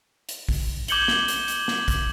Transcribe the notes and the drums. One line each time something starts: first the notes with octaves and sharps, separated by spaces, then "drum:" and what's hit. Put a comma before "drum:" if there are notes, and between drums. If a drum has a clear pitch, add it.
drum: hi-hat
drum: kick A#1, open hi-hat
D6 G6 G#6 C#7 F#7 G7, drum: hi-hat
drum: snare
drum: hi-hat
drum: hi-hat
drum: snare
drum: kick A#1, hi-hat